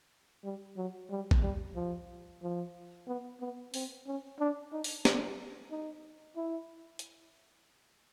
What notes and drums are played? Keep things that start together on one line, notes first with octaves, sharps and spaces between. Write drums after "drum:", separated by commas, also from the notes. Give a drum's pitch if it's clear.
G3
F#3
G3
drum: kick A#1
G3
F3
F3
B3
B3
C4, drum: open hi-hat
C#4
D4
D#4
drum: open hi-hat
D4, drum: snare
D#4
E4
drum: hi-hat